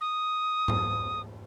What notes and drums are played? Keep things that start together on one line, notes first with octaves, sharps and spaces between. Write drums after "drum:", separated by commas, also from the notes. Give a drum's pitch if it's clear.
D#6
drum: tom G#2